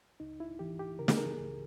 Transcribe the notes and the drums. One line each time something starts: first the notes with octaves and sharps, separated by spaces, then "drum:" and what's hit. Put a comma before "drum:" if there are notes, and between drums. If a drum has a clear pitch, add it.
C#2 D#4
E4
E3 G4
G4
C#3 A#4
G#4, drum: snare
A#4
C#2